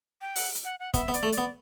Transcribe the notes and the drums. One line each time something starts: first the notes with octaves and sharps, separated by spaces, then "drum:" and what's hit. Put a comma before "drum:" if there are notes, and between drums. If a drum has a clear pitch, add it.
G5
F#5, drum: open hi-hat
drum: hi-hat
F#5
F#5
B3 E5, drum: kick, hi-hat
B3
D5, drum: hi-hat
A3
D5, drum: hi-hat
B3